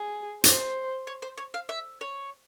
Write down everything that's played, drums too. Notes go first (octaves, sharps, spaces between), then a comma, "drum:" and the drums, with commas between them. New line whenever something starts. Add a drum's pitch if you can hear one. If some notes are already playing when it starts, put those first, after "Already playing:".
Already playing: G#4
C5, drum: hi-hat
C#5
C5
C#5
F5
E5
C#5